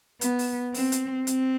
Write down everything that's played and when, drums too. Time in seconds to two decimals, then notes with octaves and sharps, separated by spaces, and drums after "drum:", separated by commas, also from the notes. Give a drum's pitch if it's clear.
0.21 B3, drum: hi-hat
0.39 drum: open hi-hat
0.74 C4, drum: open hi-hat
0.92 drum: hi-hat
1.27 C4, drum: hi-hat